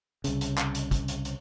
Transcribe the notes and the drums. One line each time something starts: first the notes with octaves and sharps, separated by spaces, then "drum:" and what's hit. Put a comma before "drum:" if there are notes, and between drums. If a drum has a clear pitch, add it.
C2 C#3, drum: hi-hat
drum: hi-hat
drum: clap
drum: hi-hat
drum: kick, hi-hat
drum: hi-hat
drum: hi-hat